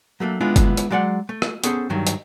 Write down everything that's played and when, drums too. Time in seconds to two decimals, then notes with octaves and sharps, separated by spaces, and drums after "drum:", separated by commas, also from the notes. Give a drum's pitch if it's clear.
0.20 F#3 A3 A#3 D4
0.41 G#3 B3 D4 E4 F4
0.56 drum: kick F#1, hi-hat
0.77 drum: hi-hat
0.91 F#3 G#3 D5 E5 F#5
1.29 A3
1.42 drum: rim click
1.64 B3 C#4 G#4 A4 C5, drum: hi-hat
1.90 G2 D#3 F#3
2.07 drum: hi-hat